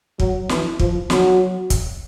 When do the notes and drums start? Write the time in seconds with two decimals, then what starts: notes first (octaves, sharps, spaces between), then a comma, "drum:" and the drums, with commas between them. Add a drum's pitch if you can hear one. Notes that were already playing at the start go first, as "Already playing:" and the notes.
0.20 F#3, drum: kick
0.49 E3, drum: snare
0.79 F3, drum: kick
1.10 F#3, drum: snare
1.70 drum: kick, hi-hat